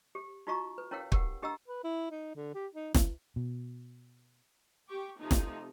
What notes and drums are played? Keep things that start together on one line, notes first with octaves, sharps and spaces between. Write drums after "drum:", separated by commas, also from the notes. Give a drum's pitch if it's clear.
G4
D#4 F4 F#4 D#5 A#5 C#6
B4
C#4 E4 A#4 C#5 F5 G5
G4 A#4 F#5, drum: kick
D4 G4 D#5 F#5 A#5 E6
B4
E4
D#4
D3
G4
D#4
F3, drum: snare
B2
G4 G5 C#6 D6
C3 F3 A3 D#4
drum: snare